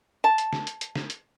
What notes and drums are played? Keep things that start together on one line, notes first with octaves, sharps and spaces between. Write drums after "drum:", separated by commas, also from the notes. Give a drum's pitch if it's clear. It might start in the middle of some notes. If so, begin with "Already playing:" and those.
A5
drum: hi-hat
drum: snare
drum: hi-hat
drum: hi-hat
drum: snare
drum: hi-hat